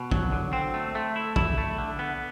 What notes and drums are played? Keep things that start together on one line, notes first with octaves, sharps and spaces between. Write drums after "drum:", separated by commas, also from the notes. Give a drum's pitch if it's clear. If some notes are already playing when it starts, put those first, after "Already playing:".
Already playing: B2
F#3, drum: kick
D3
C4
A3
A3
E4
E4, drum: kick
A3
D3
B3